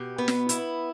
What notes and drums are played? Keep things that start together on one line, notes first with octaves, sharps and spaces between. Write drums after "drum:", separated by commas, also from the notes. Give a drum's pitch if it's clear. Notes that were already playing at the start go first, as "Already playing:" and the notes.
Already playing: B2 G4
B3
drum: snare
E4, drum: hi-hat